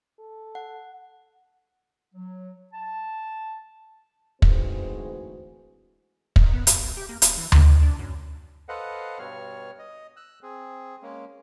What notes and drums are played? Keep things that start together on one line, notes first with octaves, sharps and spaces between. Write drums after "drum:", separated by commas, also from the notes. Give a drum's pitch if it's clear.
A4
F#5
F#3
A5
D2 G#2 E3 C4 F#4 G#4, drum: kick
D#3, drum: kick
B3
G#2, drum: hi-hat
B1
G4
A#3
D1, drum: hi-hat
E3
G1, drum: tom D2
D#3
D4
F#2
A4 B4 C5 D#5 F5 F#5
G2 B2 G3 C#5 F6
D#5
E6 F#6
C4 G#4
G#3 A#3 C#4